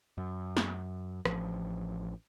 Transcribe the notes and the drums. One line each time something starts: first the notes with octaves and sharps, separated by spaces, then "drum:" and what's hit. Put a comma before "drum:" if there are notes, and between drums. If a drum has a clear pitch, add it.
F#2
drum: snare
A1 F3, drum: rim click